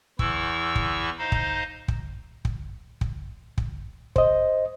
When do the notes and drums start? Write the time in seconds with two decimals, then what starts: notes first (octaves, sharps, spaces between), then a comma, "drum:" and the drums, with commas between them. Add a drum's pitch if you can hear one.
0.19 E2 E3 E4 C#6 E6, drum: kick
0.75 drum: kick
1.19 D#4 C5 D#5 F5
1.32 drum: kick
1.88 drum: kick
2.45 drum: kick
3.01 drum: kick
3.58 drum: kick
4.16 C5 D#5, drum: kick